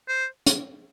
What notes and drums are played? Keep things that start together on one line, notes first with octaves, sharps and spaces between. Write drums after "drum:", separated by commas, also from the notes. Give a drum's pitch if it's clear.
C5
drum: hi-hat